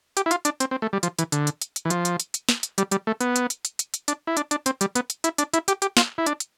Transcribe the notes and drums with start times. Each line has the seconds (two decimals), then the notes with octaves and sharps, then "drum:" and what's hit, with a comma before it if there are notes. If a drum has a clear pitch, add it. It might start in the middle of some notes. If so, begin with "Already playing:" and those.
0.17 G4, drum: hi-hat
0.26 E4
0.31 F4, drum: hi-hat
0.45 D4, drum: hi-hat
0.60 C4, drum: hi-hat
0.71 C4
0.82 A3
0.93 G3
1.03 F3, drum: hi-hat
1.19 E3, drum: hi-hat
1.32 D3, drum: hi-hat
1.47 drum: hi-hat
1.62 drum: hi-hat
1.76 drum: hi-hat
1.85 E3
1.90 F3, drum: hi-hat
2.05 drum: hi-hat
2.20 drum: hi-hat
2.34 drum: hi-hat
2.49 drum: snare
2.63 drum: hi-hat
2.78 G3, drum: hi-hat
2.92 G3, drum: hi-hat
3.07 A3
3.21 B3, drum: hi-hat
3.36 drum: hi-hat
3.50 drum: hi-hat
3.65 drum: hi-hat
3.79 drum: hi-hat
3.94 drum: hi-hat
4.08 D4, drum: hi-hat
4.27 E4
4.37 D4, drum: hi-hat
4.51 D4, drum: hi-hat
4.66 C4, drum: hi-hat
4.81 G3, drum: hi-hat
4.95 B3, drum: hi-hat
5.10 drum: hi-hat
5.24 E4, drum: hi-hat
5.38 D4, drum: hi-hat
5.54 E4, drum: hi-hat
5.68 G4, drum: hi-hat
5.82 G4, drum: hi-hat
5.97 F4, drum: snare
6.18 E4
6.26 D4, drum: hi-hat
6.40 drum: hi-hat